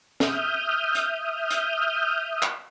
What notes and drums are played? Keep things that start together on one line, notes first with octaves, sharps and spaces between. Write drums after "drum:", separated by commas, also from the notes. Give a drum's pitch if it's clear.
E5 D#6 F6 G6, drum: snare
drum: hi-hat
drum: hi-hat
drum: clap